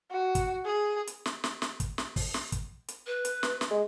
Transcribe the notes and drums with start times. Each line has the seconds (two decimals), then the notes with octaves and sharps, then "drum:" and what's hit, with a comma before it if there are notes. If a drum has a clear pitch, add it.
0.11 F#4
0.35 drum: kick, hi-hat
0.65 G#4
1.07 drum: hi-hat
1.26 drum: snare
1.44 drum: snare
1.62 drum: snare
1.80 drum: kick, hi-hat
1.98 drum: snare
2.16 drum: kick, open hi-hat
2.34 drum: snare
2.52 drum: kick, hi-hat
2.88 drum: hi-hat
3.07 B4
3.25 drum: hi-hat
3.43 drum: snare
3.61 drum: snare
3.71 G#3